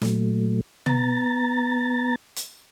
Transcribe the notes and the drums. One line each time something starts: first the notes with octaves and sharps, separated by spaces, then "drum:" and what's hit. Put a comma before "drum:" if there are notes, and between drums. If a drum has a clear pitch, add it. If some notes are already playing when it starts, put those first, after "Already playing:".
A#2 F#3 A3, drum: snare
B3 A#5 A6, drum: tom
drum: hi-hat